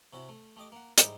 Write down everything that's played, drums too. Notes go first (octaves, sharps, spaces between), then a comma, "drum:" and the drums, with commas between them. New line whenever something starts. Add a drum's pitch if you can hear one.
C3 C#4 E4 F#4
A3
A3 G4 D#5 D6
A#3 F#5
G#2 G3 G#3 D#4 E4 G4, drum: hi-hat